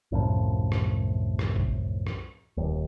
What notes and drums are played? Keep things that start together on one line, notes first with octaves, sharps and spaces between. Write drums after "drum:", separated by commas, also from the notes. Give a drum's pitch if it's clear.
C2 F#2 A2 F3
drum: rim click
drum: rim click
drum: kick G#1
drum: rim click
D#1 D#2